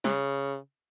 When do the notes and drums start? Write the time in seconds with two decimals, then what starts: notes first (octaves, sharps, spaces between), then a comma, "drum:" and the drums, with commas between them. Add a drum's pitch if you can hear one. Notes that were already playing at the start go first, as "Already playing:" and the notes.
0.04 C#3, drum: snare